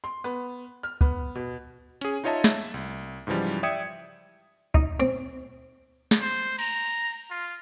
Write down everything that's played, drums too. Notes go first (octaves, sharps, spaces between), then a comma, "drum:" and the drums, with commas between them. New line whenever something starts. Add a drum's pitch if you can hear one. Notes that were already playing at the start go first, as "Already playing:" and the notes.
C6
B3
F6
B3, drum: kick
B2
C#4 G#4, drum: hi-hat
D#4 F4 C#5 D#5 E5 A5
E5, drum: snare
C2
G#2 C#3 E3 F3 G3
D5 E5 G5 D#6 G#6 C#7
D#4, drum: kick
C4, drum: hi-hat
drum: snare
C5
A#5, drum: cymbal
F4